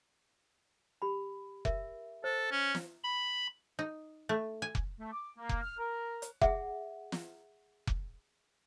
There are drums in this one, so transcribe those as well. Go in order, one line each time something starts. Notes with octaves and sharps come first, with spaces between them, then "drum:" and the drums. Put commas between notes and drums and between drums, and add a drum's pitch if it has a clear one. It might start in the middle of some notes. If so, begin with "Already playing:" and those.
G4 B5
A#4 E5, drum: kick F1
A4 C5
C#4
drum: snare
B5
D#4
A3
G#5
drum: kick F1
A3
D6
A#3
drum: kick F1
F6
A#4
drum: hi-hat
G#4 E5 F#5, drum: kick F1
drum: snare
drum: kick F1